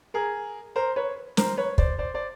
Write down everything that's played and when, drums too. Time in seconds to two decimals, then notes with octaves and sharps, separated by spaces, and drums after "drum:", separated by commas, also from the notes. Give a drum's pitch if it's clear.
0.14 G#4 A#4
0.76 A#4 C5
0.96 B4 C#5
1.37 A#4 C5, drum: snare
1.57 B4 C#5
1.78 C5 D5, drum: kick
1.99 C5 D5
2.14 C5 D5